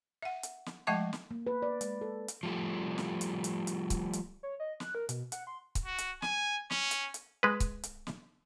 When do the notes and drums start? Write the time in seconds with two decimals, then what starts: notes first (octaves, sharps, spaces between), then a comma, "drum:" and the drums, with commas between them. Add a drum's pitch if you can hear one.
0.23 E5 F#5
0.43 drum: hi-hat
0.66 drum: snare
0.87 F3 G#3 A3 E5 A5 C#6
1.13 drum: snare
1.31 A#3
1.47 B4
1.62 D5
1.81 G#3, drum: hi-hat
2.01 A4
2.28 drum: hi-hat
2.43 F3 G3 A3
2.98 drum: snare
3.21 drum: hi-hat
3.44 drum: hi-hat
3.67 drum: hi-hat
3.90 drum: kick C#1, hi-hat
4.13 drum: hi-hat
4.43 C#5
4.60 D#5
4.80 F#6, drum: snare
4.95 A#4
5.09 B2, drum: hi-hat
5.32 F#5, drum: hi-hat
5.47 C6
5.75 drum: kick C#1, hi-hat
5.85 F#4
5.98 drum: hi-hat
6.22 G#5, drum: snare
6.70 C#4, drum: snare
6.91 drum: hi-hat
7.14 drum: hi-hat
7.43 G#3 B4
7.60 drum: kick C#1, hi-hat
7.83 drum: hi-hat
8.07 drum: snare